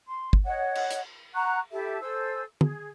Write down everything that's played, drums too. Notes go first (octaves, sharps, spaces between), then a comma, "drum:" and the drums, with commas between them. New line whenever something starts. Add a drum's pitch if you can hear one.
C6
drum: kick
C#5 D#5 F#5
drum: cymbal
drum: hi-hat
F#5 A#5 C#6 F#6
E4 G4 A4 E5
A4 C5 G#5 E6
G#4, drum: tom D3